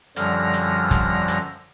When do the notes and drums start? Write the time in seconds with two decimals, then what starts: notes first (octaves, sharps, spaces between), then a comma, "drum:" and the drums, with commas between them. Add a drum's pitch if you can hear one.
0.16 F#2 D3 F3 G3 F6 A#6, drum: hi-hat
0.54 drum: hi-hat
0.91 drum: kick, hi-hat
1.28 drum: hi-hat